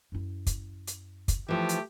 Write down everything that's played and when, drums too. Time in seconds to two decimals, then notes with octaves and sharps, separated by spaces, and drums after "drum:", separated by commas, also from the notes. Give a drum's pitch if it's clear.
0.12 F#2 E4
0.46 drum: kick, hi-hat
0.87 drum: hi-hat
1.28 drum: kick, hi-hat
1.48 E3 F3 A3 G4
1.69 drum: hi-hat